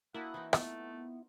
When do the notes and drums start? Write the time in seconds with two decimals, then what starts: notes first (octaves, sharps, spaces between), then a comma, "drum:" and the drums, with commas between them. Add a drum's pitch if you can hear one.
0.14 A#3 D4 E4 F#4 F#5 D#6
0.34 E3 C4 D#4
0.53 A3 B3 F4, drum: rim click